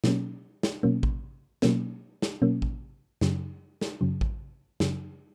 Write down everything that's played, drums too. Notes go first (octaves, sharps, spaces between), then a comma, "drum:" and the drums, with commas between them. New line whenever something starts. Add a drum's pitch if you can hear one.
B2 F#3 A#3 C#4, drum: snare
drum: snare
B2 F#3 A#3 C#4
drum: kick A1
B2 F#3 A#3 C#4, drum: snare
drum: snare
B2 F#3 A#3 C#4
drum: kick A1
F#2 C#3 F#3, drum: snare
drum: snare
F#2 C#3 F#3
drum: kick A1
F#2 C#3 F#3, drum: snare